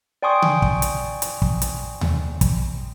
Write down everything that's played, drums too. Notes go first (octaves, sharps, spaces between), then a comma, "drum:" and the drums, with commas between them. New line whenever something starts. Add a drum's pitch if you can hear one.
D5 G5 G#5 C6 C#6 D#6
drum: tom C#3
drum: kick
drum: hi-hat
drum: hi-hat
drum: kick
drum: hi-hat
drum: tom D#2
drum: kick, hi-hat